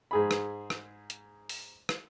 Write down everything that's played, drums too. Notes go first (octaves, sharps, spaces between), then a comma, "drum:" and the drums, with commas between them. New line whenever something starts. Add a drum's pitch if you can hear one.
G#2 G#4 B5
drum: rim click
drum: rim click
drum: hi-hat
drum: open hi-hat
drum: rim click